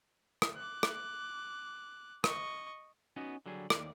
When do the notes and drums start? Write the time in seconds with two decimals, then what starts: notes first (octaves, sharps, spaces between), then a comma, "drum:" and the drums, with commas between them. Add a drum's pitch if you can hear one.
0.42 drum: rim click
0.56 D6 F#6
0.83 drum: rim click
2.24 D#5 C#6, drum: rim click
3.16 B3 C#4 D#4 F#4
3.46 D3 F#3 G3 G#4
3.70 D#2 D5, drum: rim click